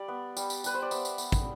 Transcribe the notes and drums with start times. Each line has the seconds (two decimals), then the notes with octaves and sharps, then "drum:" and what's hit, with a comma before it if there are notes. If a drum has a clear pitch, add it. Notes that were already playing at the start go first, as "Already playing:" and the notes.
Already playing: G3 G4 D5
0.08 B3
0.37 G3, drum: tambourine
0.50 drum: tambourine
0.64 G3 B4, drum: tambourine
0.74 C5
0.82 D5
0.91 B3 E5, drum: tambourine
1.05 drum: tambourine
1.18 B3, drum: tambourine
1.32 drum: kick, tambourine